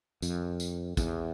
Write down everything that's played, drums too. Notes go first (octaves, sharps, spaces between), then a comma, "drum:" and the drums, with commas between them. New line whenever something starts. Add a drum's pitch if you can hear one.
F2, drum: tambourine
drum: tambourine
E2, drum: kick, tambourine